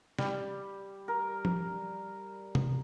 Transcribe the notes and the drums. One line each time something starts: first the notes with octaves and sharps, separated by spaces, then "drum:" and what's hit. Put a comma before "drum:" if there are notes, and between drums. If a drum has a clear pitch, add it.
G3, drum: snare
A#4
drum: tom F3
drum: tom C3